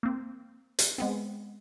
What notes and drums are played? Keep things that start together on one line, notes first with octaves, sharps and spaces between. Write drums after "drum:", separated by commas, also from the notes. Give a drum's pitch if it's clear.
A#3 C4
drum: hi-hat
G#3 B3 C4